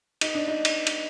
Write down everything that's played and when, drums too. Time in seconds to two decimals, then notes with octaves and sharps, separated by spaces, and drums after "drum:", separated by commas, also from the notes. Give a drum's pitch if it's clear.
0.21 D#4, drum: cymbal
0.35 D4
0.47 D#4
0.65 drum: cymbal
0.87 drum: cymbal